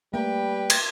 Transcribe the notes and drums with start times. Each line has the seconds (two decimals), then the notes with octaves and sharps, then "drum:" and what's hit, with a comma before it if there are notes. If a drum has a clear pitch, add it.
0.14 G3 A3 A#3 B4 G5
0.70 drum: cymbal